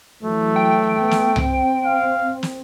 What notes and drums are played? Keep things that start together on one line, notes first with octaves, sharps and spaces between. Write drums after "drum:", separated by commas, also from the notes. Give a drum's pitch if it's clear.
E3 F#3 A3
G5
B3
drum: snare
C4, drum: tom C2
F5
drum: snare